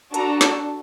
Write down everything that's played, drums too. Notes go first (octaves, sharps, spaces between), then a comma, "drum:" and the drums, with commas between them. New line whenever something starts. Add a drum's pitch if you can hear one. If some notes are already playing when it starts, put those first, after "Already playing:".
D4 F#4 A4 A#5, drum: hi-hat
drum: snare